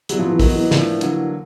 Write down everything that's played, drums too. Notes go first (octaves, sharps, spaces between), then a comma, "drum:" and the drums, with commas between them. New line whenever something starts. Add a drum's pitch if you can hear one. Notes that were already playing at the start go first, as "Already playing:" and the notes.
F#3 G3 B3 E4, drum: hi-hat
F3
E3
D#3 F#3 B3 D#4, drum: kick, open hi-hat
E3
A2 F3 A#3 D4, drum: snare
D3 F#3 A#3, drum: hi-hat